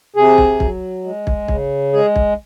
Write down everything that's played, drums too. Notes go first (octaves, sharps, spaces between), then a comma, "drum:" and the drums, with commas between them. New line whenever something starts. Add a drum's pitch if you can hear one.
C3 G#4
drum: kick
F#3, drum: kick
G#3
drum: kick
C#3, drum: kick
G#3 G#4
drum: kick